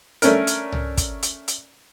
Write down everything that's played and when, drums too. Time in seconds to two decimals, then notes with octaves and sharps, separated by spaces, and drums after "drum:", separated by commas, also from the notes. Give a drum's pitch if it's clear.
0.22 A3 C#4 D4 A#4, drum: hi-hat
0.47 drum: hi-hat
0.72 drum: tom C2
0.98 drum: kick, hi-hat
1.23 drum: hi-hat
1.48 drum: hi-hat